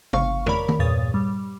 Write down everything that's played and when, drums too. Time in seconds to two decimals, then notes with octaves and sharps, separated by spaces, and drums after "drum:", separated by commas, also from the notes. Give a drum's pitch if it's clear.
0.13 G1 E3 F5 C#6, drum: tom
0.46 A#4 C#5 D5 B5, drum: tom
0.68 drum: tom D#3
0.79 E2 G2 A#2 C#5 D#6 A6
1.14 G3